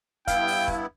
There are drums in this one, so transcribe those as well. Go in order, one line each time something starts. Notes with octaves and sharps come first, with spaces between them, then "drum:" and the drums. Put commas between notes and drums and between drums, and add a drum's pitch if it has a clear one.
G2 B3 E4 F5 G5, drum: kick, hi-hat
drum: open hi-hat
drum: kick